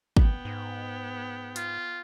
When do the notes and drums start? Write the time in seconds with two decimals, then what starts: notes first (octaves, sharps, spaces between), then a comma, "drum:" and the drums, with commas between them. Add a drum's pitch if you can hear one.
0.17 B3 G5, drum: kick
0.45 G#2
1.56 F4, drum: hi-hat